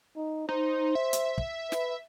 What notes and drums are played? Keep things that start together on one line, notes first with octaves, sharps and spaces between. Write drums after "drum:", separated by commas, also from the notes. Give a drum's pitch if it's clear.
D#4
D#4 C5
E5
drum: hi-hat
drum: kick
B4, drum: snare